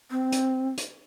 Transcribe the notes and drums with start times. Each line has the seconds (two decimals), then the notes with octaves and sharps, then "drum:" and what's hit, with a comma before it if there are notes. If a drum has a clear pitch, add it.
0.11 C4
0.32 drum: hi-hat
0.77 drum: hi-hat